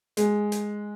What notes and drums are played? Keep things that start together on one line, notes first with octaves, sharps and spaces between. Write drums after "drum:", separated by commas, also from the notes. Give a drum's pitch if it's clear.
G#3, drum: hi-hat
drum: hi-hat